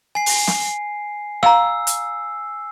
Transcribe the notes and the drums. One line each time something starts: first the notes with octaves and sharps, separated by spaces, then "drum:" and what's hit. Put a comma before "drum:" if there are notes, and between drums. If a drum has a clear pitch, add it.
G#5 C7
drum: open hi-hat
drum: snare
F5 A#5 E6, drum: rim click
drum: hi-hat